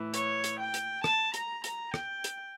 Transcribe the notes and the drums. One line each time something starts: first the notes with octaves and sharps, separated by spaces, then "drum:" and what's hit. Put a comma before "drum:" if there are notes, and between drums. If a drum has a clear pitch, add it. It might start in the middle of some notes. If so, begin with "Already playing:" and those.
Already playing: A2 E3
C#5, drum: hi-hat
drum: hi-hat
G5
drum: hi-hat
A5, drum: rim click
A#5, drum: hi-hat
A#5, drum: hi-hat
G5, drum: rim click
drum: hi-hat